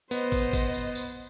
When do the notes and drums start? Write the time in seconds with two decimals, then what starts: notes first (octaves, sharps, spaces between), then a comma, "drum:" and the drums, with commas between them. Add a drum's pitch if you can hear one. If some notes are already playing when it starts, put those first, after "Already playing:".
0.11 B3 C5 D#5, drum: tambourine
0.32 drum: kick, tambourine
0.53 drum: kick, tambourine
0.74 drum: tambourine
0.95 drum: tambourine